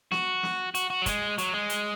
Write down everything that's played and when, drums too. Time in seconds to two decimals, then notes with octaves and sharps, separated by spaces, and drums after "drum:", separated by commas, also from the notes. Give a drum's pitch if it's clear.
0.12 F#4, drum: snare
0.43 drum: snare
0.75 F#4, drum: hi-hat
0.90 F#4
1.02 F#3
1.06 G#3, drum: kick, hi-hat
1.38 F#3, drum: hi-hat
1.54 G#3
1.70 drum: hi-hat